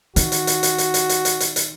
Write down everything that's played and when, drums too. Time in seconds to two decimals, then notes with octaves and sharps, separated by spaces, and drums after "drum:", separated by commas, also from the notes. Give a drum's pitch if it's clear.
0.16 D#3 F#4, drum: hi-hat
0.32 drum: hi-hat
0.47 drum: hi-hat
0.63 drum: hi-hat
0.78 drum: hi-hat
0.94 drum: hi-hat
1.09 drum: hi-hat
1.25 drum: hi-hat
1.40 drum: hi-hat
1.56 drum: hi-hat